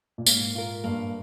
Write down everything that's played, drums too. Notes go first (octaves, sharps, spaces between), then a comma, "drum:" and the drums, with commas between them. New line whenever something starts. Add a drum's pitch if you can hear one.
A#2
G#2 A#3, drum: tambourine
F4 A#4
G2 A#3